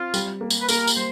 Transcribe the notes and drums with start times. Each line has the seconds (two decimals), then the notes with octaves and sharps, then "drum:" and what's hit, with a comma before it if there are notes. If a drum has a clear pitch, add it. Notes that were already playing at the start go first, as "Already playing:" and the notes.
Already playing: C4 F4
0.14 G3, drum: tambourine
0.41 A#3
0.50 drum: tambourine
0.61 B4
0.69 A#3 A#4, drum: tambourine
0.87 drum: tambourine
0.96 G3 C5